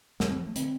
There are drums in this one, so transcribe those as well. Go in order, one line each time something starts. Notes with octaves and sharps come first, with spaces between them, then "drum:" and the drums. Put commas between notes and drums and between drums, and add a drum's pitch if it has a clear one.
F2 C3 G3, drum: snare
C4
F3
A3
D3 C4, drum: hi-hat